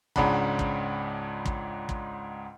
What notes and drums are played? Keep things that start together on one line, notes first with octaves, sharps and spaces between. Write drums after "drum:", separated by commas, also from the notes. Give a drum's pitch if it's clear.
C#2 G#2 C#3 D4 F#5 B5, drum: kick
drum: kick
drum: kick
drum: kick